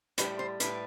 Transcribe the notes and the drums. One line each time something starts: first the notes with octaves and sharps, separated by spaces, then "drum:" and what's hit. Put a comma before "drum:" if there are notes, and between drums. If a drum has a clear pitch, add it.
A2 G3 B4, drum: hi-hat
C5
A2 G3 B4, drum: hi-hat